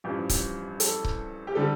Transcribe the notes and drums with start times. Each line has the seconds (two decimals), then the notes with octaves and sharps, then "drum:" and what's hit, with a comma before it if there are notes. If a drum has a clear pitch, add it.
0.04 A1 G2 F3 G4
0.29 drum: kick C#1, hi-hat
0.80 A4, drum: hi-hat
1.04 drum: kick C#1
1.47 G4
1.55 D3 G3 A4